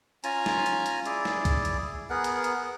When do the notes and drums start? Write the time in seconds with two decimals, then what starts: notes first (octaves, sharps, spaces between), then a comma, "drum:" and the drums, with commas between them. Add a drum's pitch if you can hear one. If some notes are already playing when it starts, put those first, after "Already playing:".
0.24 C#4 F4 G#5 A#5, drum: hi-hat
0.46 drum: snare
0.66 drum: hi-hat
0.86 drum: hi-hat
1.06 E4 G#4 D5, drum: hi-hat
1.25 drum: snare
1.45 drum: kick C2, hi-hat
1.65 drum: hi-hat
2.10 B3 G#4 A#4 F#5
2.24 drum: hi-hat
2.44 drum: hi-hat